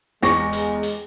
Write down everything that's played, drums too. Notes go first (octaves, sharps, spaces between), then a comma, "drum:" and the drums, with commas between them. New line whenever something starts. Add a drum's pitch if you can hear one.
E2 G#3 G4 C#6 A#6, drum: snare
drum: hi-hat
drum: hi-hat